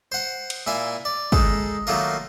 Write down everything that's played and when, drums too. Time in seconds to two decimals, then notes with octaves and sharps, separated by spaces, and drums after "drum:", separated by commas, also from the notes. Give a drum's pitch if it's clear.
0.12 C5 F#5
0.50 drum: cymbal
0.67 A#2 E4 G#5
1.05 D5
1.32 G#3 D#4 A4, drum: kick
1.87 D#3 F#3 A3 A#3 F4 A#4